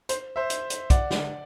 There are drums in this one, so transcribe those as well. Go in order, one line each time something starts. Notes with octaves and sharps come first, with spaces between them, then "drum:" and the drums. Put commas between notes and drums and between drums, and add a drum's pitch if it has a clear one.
C5, drum: hi-hat
C5 E5
drum: hi-hat
drum: hi-hat
D5 F#5, drum: kick, hi-hat
drum: snare